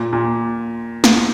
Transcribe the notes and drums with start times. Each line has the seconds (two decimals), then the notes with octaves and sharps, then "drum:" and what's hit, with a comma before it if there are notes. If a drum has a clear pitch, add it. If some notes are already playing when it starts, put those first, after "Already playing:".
Already playing: A#2
0.13 A#2
1.04 drum: snare